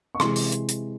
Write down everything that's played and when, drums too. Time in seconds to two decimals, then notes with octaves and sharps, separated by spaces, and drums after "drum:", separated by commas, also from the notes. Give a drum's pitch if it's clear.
0.15 C#6
0.20 C3 E3 G#3 C6, drum: rim click
0.36 drum: open hi-hat
0.52 drum: hi-hat
0.69 drum: hi-hat